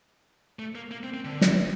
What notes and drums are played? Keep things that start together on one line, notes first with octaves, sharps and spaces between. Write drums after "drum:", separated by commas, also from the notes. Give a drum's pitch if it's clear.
A3
A#3
A#3
C4
C4
D3
drum: snare